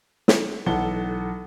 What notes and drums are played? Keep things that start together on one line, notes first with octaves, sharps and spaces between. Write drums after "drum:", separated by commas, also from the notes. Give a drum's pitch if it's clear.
drum: snare
B1 E3 A4 F#5 A5 G7